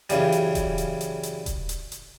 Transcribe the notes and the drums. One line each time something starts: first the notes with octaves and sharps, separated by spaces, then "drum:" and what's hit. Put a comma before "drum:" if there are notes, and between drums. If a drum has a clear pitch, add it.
F#2 C#3 E3 G3, drum: hi-hat
drum: hi-hat
drum: kick D#1, hi-hat
drum: hi-hat
drum: hi-hat
drum: hi-hat
drum: kick D#1, hi-hat
drum: hi-hat
drum: hi-hat